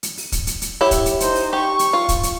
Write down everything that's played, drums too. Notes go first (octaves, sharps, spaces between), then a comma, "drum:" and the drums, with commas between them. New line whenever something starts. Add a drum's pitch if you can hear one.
drum: hi-hat
drum: open hi-hat
drum: kick, hi-hat
drum: hi-hat
drum: hi-hat
E4 G4 C#5
drum: kick, hi-hat
drum: hi-hat
D#4 C5, drum: hi-hat
drum: open hi-hat
G4 C#6
drum: hi-hat
F4
drum: kick, hi-hat
drum: hi-hat